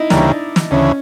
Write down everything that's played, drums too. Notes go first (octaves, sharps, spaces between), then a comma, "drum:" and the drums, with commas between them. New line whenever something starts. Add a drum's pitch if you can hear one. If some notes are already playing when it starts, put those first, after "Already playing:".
Already playing: D#4 E4
D2 C#3 E3 G3 A#3 D4, drum: snare
drum: snare
D2 C#3 E3 C#4